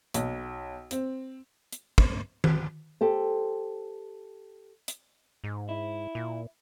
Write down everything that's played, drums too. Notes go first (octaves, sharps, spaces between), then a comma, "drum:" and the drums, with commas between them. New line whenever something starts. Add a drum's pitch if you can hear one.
B1, drum: hi-hat
C4, drum: hi-hat
drum: hi-hat
drum: kick
drum: tom D#3
G4 A4 C5
drum: hi-hat
G#2
E4
A#2